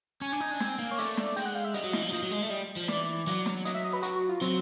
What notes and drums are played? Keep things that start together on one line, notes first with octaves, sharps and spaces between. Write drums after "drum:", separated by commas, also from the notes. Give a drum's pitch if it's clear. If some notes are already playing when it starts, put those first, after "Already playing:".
C#4 G#5
D4
D#4
D4
C4, drum: snare
A#3
C#5
A3 D5, drum: hi-hat
drum: snare
G#3 G5, drum: hi-hat
F#5
F5
E5
G3 D#5, drum: hi-hat
F#3
E3, drum: snare
F3
F#3
F3, drum: hi-hat
F#3
G#3
A3
G3
F3
E3 D5, drum: snare
F#3, drum: hi-hat
drum: snare
D#5, drum: hi-hat
E5
D#5
B4
F#4, drum: hi-hat
F#4
F4
F#3 C4, drum: hi-hat